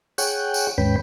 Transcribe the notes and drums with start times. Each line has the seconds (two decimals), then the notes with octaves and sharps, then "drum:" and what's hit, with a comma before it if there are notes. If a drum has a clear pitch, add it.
0.18 G#4 C#5 F#5 G5, drum: tambourine
0.54 drum: tambourine
0.78 D#2 G#2 C#4 B4 G5 B5